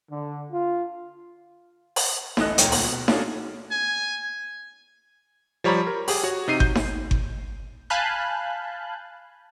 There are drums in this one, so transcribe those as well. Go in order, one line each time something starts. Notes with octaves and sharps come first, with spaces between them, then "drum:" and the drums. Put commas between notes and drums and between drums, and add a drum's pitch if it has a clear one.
D3
F4
drum: open hi-hat
D1 A1 E3 A4 D#5 F#6, drum: snare D#4
D#1 C#2 A#4 C#5 G5 D#7, drum: hi-hat
D2 A#2, drum: open hi-hat
B2
A#3 C#4 D4 F#4 G#4 A4, drum: snare D#4
G#5
F3 G3 C#5 A#5 B5
A#4
G4 G#4, drum: open hi-hat
F#4 C#5
C3 D#4 C7 D#7
G6, drum: kick G1
drum: snare D#4
drum: kick G1
F5 G#5 A5 B5 F#6 G6